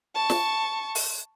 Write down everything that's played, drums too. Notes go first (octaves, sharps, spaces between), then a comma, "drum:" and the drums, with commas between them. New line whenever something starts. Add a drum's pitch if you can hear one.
A5 C#6
drum: snare
drum: open hi-hat